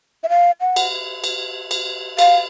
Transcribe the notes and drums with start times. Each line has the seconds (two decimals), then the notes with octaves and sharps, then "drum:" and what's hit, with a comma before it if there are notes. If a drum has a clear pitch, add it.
0.24 E5
0.29 F5
0.61 F#5
0.76 drum: cymbal
1.24 drum: cymbal
1.71 drum: cymbal
2.19 F5, drum: cymbal